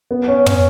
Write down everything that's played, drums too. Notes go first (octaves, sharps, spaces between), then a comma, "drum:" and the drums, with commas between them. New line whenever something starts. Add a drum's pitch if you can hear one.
B3
C#4
C#4, drum: tom